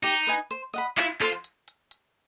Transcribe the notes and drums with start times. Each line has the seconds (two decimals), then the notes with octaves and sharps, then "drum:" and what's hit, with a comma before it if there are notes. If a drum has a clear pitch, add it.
0.03 D#4 G4
0.27 B4 D#5 G#5, drum: hi-hat
0.51 C5, drum: hi-hat
0.74 D#5 F#5 B5, drum: hi-hat
0.97 E4 F4, drum: clap
1.21 F4 A4 C5, drum: clap
1.44 drum: hi-hat
1.68 drum: hi-hat
1.91 drum: hi-hat